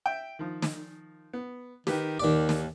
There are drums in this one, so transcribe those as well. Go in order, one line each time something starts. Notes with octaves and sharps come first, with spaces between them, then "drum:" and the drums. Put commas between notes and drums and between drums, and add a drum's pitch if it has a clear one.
E5 G5
D#3 F3
drum: snare
B3
D#3 G4 B4, drum: snare
D#2 D#3 D5
drum: snare